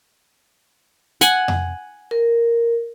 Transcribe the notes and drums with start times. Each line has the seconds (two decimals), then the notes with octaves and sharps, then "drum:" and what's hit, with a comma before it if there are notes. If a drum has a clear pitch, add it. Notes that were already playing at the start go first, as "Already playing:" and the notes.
1.21 F#5 G#5, drum: hi-hat
1.48 drum: tom F2
2.11 A#4